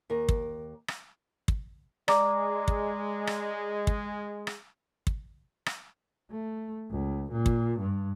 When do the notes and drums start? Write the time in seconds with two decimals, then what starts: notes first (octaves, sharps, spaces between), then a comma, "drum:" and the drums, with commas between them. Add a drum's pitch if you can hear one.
0.10 D#2 A#4
0.29 drum: kick
0.88 drum: rim click
1.48 drum: kick
2.08 G#3 D5 A#5 D6, drum: rim click
2.68 drum: kick
3.27 drum: rim click
3.87 drum: kick
4.47 drum: rim click
5.07 drum: kick
5.66 drum: rim click
6.31 A3
6.90 C#2
7.32 A#2
7.46 drum: kick
7.79 G2